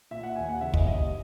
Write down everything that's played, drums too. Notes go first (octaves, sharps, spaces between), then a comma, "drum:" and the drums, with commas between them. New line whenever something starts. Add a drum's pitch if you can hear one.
A#2 E5
F#5
D#2 G#5
F#5
C#3 E3 E5
D#5, drum: kick
D#2 D#5